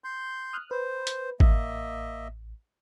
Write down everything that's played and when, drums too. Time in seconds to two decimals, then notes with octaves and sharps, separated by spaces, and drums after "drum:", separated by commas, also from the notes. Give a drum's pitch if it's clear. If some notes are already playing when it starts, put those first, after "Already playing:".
0.04 C6 G6
0.53 D#6 F6 F#6
0.71 B4 C5
1.07 drum: hi-hat
1.40 A1 A#3 D#5 E5, drum: kick G#1